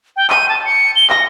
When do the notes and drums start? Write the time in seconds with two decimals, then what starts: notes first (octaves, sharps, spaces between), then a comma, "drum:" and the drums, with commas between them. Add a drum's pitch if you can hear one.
0.16 G5
0.30 D#7, drum: clap
0.49 A5
0.65 C#7
0.96 G7
1.10 A#6, drum: clap